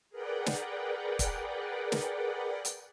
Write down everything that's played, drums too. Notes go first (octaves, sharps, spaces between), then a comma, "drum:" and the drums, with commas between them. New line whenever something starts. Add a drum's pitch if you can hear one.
G#4 A#4 B4 D5 F#5 G5
drum: snare
drum: kick, hi-hat
drum: snare
drum: hi-hat